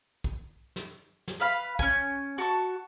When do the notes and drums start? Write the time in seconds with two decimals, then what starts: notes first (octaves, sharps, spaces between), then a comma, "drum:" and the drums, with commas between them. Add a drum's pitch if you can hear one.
0.24 drum: kick
0.76 drum: snare
1.28 drum: snare
1.40 B4 F5 B5
1.79 C#4 G#5, drum: kick
2.38 F#4 A5 C#6